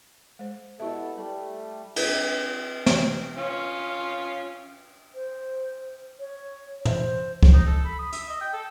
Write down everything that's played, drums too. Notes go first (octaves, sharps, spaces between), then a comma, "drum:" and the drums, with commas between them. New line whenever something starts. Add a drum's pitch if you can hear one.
G#3 C5
B2 E4 G4 A4 E5
G3 A3 A4
G#2, drum: cymbal
drum: snare
C#4 F4
C5
C#5
C5, drum: tom
drum: kick C#2
D#4
A4
B5
D#6
E5, drum: hi-hat
D#5
G5
A4